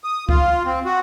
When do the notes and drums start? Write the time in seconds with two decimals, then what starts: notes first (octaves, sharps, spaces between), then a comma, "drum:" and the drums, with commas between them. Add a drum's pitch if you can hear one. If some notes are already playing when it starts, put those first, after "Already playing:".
0.04 D#6
0.29 F4, drum: kick C#2
0.66 C4
0.85 F#4